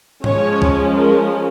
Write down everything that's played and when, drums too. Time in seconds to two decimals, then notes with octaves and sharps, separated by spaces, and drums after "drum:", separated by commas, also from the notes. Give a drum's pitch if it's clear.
0.24 F3 G#3 C#4 C#5, drum: tom G#2
0.62 drum: kick C2
0.99 A#4